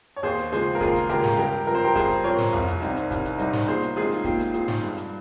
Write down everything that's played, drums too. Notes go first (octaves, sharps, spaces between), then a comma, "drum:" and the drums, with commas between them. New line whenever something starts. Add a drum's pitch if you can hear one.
C#5
D#2 G#4 C5
drum: hi-hat
C#3 F3 G#3 G#4 C5, drum: hi-hat
A#4
D#2 F4 G#4, drum: kick, hi-hat
drum: hi-hat
C#3 F3 G#3 G4 A#4, drum: hi-hat
drum: snare
G2 G4 A#4
F3 C4 A#4
C5
G4 A#4
G2 G#4 C5, drum: kick, hi-hat
drum: hi-hat
F3 C4 A#4 C#5, drum: hi-hat
drum: snare
C2, drum: tom F2
drum: hi-hat
C3 G3 C4 D#4, drum: hi-hat
drum: hi-hat
C2, drum: kick, hi-hat
drum: hi-hat
C3 G3 C4 D#4, drum: hi-hat
drum: snare
A#2 G#4 C5
drum: hi-hat
F3 G#3 C4 D#4 F4 G#4, drum: hi-hat
drum: hi-hat
A#2 G4, drum: kick, hi-hat
drum: hi-hat
F3 G#3 C4 D#4, drum: hi-hat
drum: snare
G2
drum: hi-hat